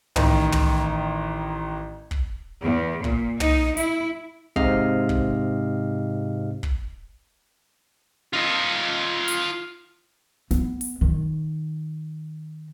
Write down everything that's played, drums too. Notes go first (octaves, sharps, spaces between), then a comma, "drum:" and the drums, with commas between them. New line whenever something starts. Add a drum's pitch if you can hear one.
A1 D#3, drum: tom
drum: tom
drum: kick
E2
A#2, drum: kick
D#4, drum: tom
E4, drum: hi-hat
G#2 C3 C4 D#5 F5 F6, drum: kick
drum: kick
drum: kick
F4 D#5
drum: hi-hat
B3, drum: snare
drum: open hi-hat
D#3